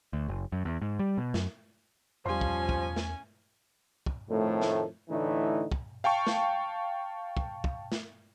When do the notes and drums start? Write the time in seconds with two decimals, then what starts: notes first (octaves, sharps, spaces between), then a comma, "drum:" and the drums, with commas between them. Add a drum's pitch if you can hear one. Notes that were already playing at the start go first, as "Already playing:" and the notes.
0.13 D2
0.28 F#1
0.52 F#2
0.65 E2
0.82 G#2
0.99 G3
1.18 B2
1.34 F#2, drum: snare
2.26 E2 F3 G3 C#4 G#5 C6
2.41 drum: kick
2.69 drum: kick
2.96 drum: snare
4.06 drum: kick
4.30 F2 A2 D#3 A3
4.61 drum: snare
5.10 A2 D3 E3 A3 D#4
5.72 drum: kick
6.04 F5 G5 A5 C#6
6.27 drum: snare
7.37 drum: kick
7.64 drum: kick
7.92 drum: snare